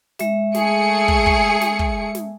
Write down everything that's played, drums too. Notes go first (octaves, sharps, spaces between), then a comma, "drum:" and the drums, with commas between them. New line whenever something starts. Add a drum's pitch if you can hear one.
G#3 E5, drum: snare
A3 G#4 C#7, drum: snare
drum: kick
drum: kick
drum: snare
drum: kick
drum: snare